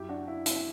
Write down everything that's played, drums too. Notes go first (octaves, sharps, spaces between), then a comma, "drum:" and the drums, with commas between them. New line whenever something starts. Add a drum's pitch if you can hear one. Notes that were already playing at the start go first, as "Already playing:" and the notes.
Already playing: F#2 F#3 E4 G4
D4 F#4
E4
E4, drum: hi-hat